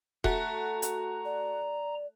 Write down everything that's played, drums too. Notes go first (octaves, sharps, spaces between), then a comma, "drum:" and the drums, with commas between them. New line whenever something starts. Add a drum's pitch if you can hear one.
A3 F#4 A#5, drum: kick E1
drum: hi-hat
D5